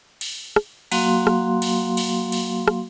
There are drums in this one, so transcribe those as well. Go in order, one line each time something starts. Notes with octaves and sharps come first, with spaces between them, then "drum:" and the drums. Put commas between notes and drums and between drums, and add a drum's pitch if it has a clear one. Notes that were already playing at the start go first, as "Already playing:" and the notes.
drum: cymbal
drum: rim click
F#3 A#3 F#4 F5 C6, drum: cymbal
drum: rim click
drum: cymbal
drum: cymbal
drum: cymbal
drum: rim click